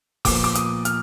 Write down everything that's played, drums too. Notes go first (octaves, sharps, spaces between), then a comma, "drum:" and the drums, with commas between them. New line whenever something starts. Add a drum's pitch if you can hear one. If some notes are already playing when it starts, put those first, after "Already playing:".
A#2 F3 B3 D6, drum: kick F1, open hi-hat
D6
D#6, drum: hi-hat
F6, drum: hi-hat